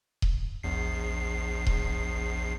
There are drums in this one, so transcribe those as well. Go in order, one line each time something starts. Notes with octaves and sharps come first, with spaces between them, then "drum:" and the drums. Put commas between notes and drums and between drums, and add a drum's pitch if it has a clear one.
drum: kick D#1
A#1 E2 C7
drum: kick D#1